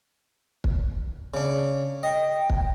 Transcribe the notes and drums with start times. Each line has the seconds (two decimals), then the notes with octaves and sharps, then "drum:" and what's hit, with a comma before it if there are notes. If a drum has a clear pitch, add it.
0.64 drum: kick
1.34 C#3 D4
2.03 D#5 G5
2.50 drum: kick